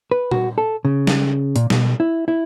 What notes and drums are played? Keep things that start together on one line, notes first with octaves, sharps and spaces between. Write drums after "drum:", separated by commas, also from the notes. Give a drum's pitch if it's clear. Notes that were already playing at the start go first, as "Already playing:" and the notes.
B4
F#4, drum: tom A#2
A4
C#3
drum: snare
A#2, drum: hi-hat
B2, drum: snare
E4
E4